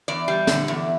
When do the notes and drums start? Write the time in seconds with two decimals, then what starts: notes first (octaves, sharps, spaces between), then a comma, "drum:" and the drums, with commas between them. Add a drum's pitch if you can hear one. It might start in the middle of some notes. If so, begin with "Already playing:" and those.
0.08 E2 D5
0.28 G3
0.47 D3, drum: snare
0.68 E2